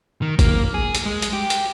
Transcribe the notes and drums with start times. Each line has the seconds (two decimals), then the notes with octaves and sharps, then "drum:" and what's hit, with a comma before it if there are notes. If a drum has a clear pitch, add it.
0.22 D#3
0.39 A#3, drum: kick G1, hi-hat
0.74 G#4
0.95 drum: hi-hat
1.06 G#3
1.22 drum: hi-hat
1.33 G4
1.50 drum: hi-hat